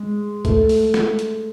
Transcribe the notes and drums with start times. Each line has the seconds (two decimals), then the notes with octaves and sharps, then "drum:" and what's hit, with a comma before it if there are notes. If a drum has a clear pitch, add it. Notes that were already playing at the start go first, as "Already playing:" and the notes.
Already playing: G#3
0.45 A3, drum: kick C#2, hi-hat
0.69 drum: open hi-hat
0.94 drum: snare
1.19 drum: hi-hat